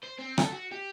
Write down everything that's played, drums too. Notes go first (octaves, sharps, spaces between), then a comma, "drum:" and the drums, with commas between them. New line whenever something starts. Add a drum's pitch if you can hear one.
C5
C4
A4, drum: rim click
F#4
G4